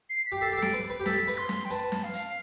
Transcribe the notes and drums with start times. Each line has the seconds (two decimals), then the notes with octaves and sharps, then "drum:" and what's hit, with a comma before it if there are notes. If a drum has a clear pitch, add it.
0.10 C7
0.26 B6
0.32 G4
0.41 A4 C7
0.52 G4
0.57 A4
0.62 D7, drum: snare
0.73 B4
0.90 B4
1.00 G4
1.06 A4 B6, drum: snare
1.28 B4, drum: hi-hat
1.38 C6
1.49 drum: snare
1.65 G5
1.70 B4 A5, drum: hi-hat
1.92 drum: snare
2.03 F5
2.13 drum: hi-hat